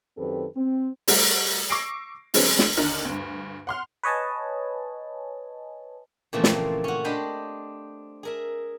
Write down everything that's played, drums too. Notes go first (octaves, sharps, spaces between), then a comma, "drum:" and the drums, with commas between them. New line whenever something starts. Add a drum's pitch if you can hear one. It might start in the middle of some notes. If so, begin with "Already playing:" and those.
F#2 D#3 C4 G4 A4 B4
C4
G3 A3 F#4 A#4, drum: open hi-hat
C#6 D6 E6 A#6 C7 D7
D3 F#3 G#3 C4 C#4 B4, drum: open hi-hat
drum: snare
D#2 D3 D4 D#4 A#4 F6
D2 G2
F#5 C6 F6
B4 C#5 D#5 G#5 A5
A#2 C#3 E3 F3 A3 C4
drum: snare
C#4 F#4
D4 G4 C5 D#5 B5 C6
G#4 A#4 E5